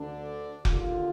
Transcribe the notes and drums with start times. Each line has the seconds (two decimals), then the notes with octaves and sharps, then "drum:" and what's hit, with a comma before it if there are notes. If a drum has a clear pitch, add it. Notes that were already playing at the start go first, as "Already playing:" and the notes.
Already playing: D2 D3 D4
0.65 D#2 D3 F4, drum: kick F1